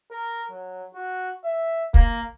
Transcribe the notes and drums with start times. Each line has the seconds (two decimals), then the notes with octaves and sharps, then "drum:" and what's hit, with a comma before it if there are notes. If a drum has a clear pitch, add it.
0.11 A#4
0.51 F#3
0.94 F#4
1.44 E5
1.94 A#3, drum: kick